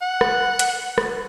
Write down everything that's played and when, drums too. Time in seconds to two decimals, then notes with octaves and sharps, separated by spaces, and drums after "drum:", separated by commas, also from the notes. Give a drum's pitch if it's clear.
0.02 F#5
0.21 drum: rim click
0.59 drum: hi-hat
0.98 drum: rim click